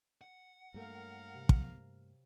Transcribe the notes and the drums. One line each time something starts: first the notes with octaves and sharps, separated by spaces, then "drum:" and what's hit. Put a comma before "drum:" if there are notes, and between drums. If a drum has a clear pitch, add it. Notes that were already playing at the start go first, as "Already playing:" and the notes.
F#5
G2 F#3 A3 A#3 A#4 F5 G5
C3
drum: kick